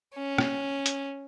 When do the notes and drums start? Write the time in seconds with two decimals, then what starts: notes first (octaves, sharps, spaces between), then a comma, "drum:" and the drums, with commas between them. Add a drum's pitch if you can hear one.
0.15 C#4
0.38 drum: rim click
0.86 drum: hi-hat